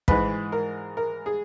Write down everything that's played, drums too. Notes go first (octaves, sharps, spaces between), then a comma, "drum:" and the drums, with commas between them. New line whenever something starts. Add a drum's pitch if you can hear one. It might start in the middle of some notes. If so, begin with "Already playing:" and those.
G#2 E3 G#3 B4, drum: kick
A#4
A#4
G#4